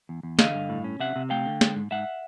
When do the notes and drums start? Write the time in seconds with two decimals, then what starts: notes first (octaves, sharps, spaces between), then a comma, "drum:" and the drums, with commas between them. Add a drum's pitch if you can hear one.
0.09 E2
0.23 E2
0.39 D3 D#5 F5, drum: snare
0.54 G2
0.69 A2
0.84 C#4
1.00 C3 E5 F#5
1.16 C3
1.30 A3 F5 G5
1.46 D3
1.61 G#3, drum: snare
1.76 G#2
1.91 G#2 E5 F#5